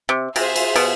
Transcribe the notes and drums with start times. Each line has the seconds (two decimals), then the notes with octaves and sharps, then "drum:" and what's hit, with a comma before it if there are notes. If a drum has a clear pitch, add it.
0.09 C3
0.36 C3 F4 G#4 C5 E5, drum: cymbal
0.56 drum: cymbal
0.76 B2, drum: cymbal